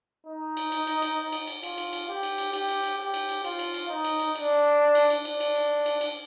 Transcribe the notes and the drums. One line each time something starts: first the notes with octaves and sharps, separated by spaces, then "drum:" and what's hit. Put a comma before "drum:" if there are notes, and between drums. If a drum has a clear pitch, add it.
D#4
drum: cymbal
drum: cymbal
drum: cymbal
drum: cymbal
drum: cymbal
drum: cymbal
F4, drum: cymbal
drum: cymbal
drum: cymbal
G4
drum: cymbal
drum: cymbal
G4, drum: cymbal
drum: cymbal
drum: cymbal
G4
drum: cymbal
drum: cymbal
F4, drum: cymbal
drum: cymbal
drum: cymbal
D#4
drum: cymbal
drum: cymbal
D4, drum: cymbal
drum: cymbal
drum: cymbal
D4, drum: cymbal
drum: cymbal
drum: cymbal
drum: cymbal
drum: cymbal